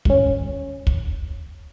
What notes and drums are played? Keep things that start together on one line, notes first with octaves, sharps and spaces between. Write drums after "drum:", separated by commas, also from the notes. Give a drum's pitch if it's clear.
G#1 C#4, drum: kick
drum: kick